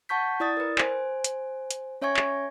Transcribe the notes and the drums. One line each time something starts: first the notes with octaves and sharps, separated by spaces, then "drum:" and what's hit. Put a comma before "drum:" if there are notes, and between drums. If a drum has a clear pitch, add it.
F#5 A5 C#6 G6 B6
E4 D5 D#6 A6
A#4 B4
C5 G#5, drum: clap
drum: hi-hat
drum: hi-hat
C#4 C#5 E5 G#5 C#6 G#6
drum: clap